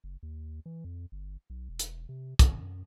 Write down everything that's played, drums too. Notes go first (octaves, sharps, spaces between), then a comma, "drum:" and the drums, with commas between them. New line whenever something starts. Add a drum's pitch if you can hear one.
F#1
D#2
E3
F2
G1
B1
E1
drum: hi-hat
C3
F#1, drum: kick, hi-hat
F#2